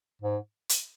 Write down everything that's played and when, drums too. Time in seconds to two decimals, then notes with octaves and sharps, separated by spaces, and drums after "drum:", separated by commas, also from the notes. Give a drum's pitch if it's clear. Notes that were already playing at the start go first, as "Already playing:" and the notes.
0.22 G#2
0.69 drum: hi-hat